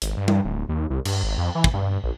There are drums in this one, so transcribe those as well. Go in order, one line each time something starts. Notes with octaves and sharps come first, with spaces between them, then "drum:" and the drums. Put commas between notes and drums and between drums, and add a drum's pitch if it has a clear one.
G#1, drum: hi-hat
G2
drum: tom G3
D1
D#2
C2
G2, drum: cymbal
G#1
F2
E3
drum: kick
G2
A#1